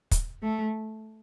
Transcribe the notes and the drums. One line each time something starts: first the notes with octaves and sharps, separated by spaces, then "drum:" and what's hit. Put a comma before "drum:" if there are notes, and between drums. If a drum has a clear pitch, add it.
drum: kick, hi-hat
A3